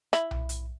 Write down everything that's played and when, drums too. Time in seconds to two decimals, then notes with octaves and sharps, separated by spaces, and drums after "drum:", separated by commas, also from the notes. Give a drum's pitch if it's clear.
0.13 E4, drum: rim click
0.31 drum: tom B1
0.49 drum: hi-hat